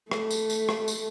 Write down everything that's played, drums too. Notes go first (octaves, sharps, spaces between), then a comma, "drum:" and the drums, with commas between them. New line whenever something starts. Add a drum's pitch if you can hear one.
A3, drum: rim click
drum: tambourine
drum: tambourine
drum: rim click
drum: tambourine